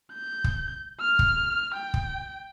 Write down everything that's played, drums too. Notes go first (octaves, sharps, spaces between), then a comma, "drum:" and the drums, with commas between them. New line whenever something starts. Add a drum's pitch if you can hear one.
G6
drum: kick
F6
drum: kick
G5
drum: kick